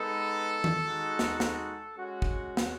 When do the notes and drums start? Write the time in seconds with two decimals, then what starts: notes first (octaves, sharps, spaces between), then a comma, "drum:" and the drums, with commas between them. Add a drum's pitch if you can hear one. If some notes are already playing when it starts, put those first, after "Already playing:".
Already playing: G#3 B3 D#4 A4
0.64 drum: tom D#3
0.85 G#3 D#4 F#4
1.19 drum: snare
1.40 A4, drum: snare
1.95 G#3 C#4 F#4
2.22 drum: kick
2.57 drum: snare